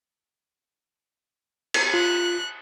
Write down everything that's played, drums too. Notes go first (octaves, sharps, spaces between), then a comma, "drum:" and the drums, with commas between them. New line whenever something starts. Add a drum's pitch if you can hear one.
drum: cymbal
F4 F#6